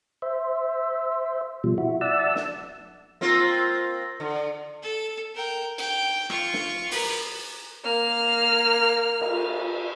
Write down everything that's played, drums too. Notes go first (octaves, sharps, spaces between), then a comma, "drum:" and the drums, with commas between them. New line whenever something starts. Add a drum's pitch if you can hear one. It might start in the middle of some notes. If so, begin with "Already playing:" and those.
C5 E5
B2 F3 G3
E4 F#4
D5 E5 F#5 A5 E6
drum: snare
A#3 C4 F4
D3
A4
A#4 G5
G5, drum: cymbal
F4 C#6, drum: rim click
drum: snare
A#4 B4, drum: open hi-hat
A#3 F6
drum: cymbal